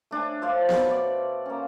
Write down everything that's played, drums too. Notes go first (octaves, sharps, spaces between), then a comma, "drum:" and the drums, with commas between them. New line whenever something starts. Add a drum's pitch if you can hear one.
A3 D4 C#5 G#5
A4 C5 D5 F5
B2 C5 C#5 B5, drum: snare B3
D5
A#3 C#4